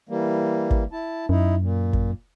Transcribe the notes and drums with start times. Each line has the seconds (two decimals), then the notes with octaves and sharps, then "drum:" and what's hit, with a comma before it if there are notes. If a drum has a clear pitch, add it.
0.09 E3 G3 A#3
0.71 drum: kick
0.92 E4 A5
1.29 F#2 D#4 E4
1.61 A#2
1.93 drum: kick